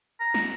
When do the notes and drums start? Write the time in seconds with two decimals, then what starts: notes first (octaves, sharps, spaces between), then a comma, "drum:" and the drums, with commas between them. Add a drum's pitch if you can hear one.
0.20 A#5
0.34 drum: snare